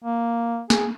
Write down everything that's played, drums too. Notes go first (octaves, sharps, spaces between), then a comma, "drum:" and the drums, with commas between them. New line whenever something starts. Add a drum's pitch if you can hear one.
A#3
G#4, drum: snare